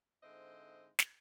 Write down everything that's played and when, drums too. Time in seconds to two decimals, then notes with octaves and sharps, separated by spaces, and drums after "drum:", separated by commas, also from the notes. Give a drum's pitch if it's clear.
0.23 G#2 D3 C4 E4 C5 D#5
0.99 drum: snare